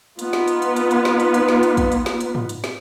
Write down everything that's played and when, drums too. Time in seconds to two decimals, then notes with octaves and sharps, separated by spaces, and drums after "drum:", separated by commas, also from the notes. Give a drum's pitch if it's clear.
0.19 B3 D#4 F4 B4, drum: hi-hat
0.33 drum: snare
0.48 drum: hi-hat
0.62 drum: hi-hat
0.76 drum: hi-hat
0.91 drum: hi-hat
1.05 drum: snare
1.20 drum: hi-hat
1.34 drum: hi-hat
1.48 drum: snare
1.63 drum: hi-hat
1.77 drum: kick, hi-hat
1.92 drum: hi-hat
2.06 drum: snare
2.20 drum: hi-hat
2.35 drum: tom G#2
2.49 drum: hi-hat
2.64 drum: snare